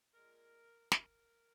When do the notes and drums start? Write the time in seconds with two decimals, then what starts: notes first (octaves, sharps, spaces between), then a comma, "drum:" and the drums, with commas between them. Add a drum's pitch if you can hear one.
0.14 A#2 G#3 A#4
0.92 A#4, drum: snare